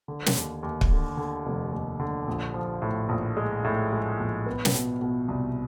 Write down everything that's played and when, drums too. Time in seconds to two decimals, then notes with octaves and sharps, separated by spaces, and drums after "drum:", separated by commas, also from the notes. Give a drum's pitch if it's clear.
0.08 D3
0.26 drum: snare
0.36 D#2
0.63 D#2
0.81 drum: kick
0.91 D3
1.17 D3
1.46 F1
1.72 D#2
2.00 D3
2.27 A#1
2.54 F3
2.82 A2
3.09 A#1
3.37 G#3
3.64 A2
3.92 G#3
4.19 A#1
4.46 B3
4.65 drum: snare
4.75 B2
5.01 B2
5.28 C2